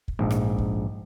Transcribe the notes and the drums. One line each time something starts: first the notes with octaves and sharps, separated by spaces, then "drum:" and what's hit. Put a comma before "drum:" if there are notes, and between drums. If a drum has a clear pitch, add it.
drum: kick
A#1 G#2
drum: rim click
drum: kick